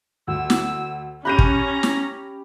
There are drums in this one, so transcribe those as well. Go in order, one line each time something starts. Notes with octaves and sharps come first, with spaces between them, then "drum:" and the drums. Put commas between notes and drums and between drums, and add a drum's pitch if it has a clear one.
D2 E6
drum: snare
C#4 G4 A#5 B5 F#6 G6 D#7
drum: kick
drum: snare